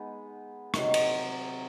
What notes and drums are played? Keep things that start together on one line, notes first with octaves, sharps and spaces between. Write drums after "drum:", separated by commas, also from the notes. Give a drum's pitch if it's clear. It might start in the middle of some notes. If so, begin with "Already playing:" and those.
Already playing: G#3 B3 D#4
C3 D#3 F#3, drum: rim click
drum: cymbal